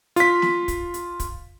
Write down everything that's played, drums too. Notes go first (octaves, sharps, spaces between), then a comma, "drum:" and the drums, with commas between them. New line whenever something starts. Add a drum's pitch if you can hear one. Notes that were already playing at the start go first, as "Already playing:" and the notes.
F4 B6, drum: hi-hat
drum: snare
drum: kick, hi-hat
drum: hi-hat
drum: kick, hi-hat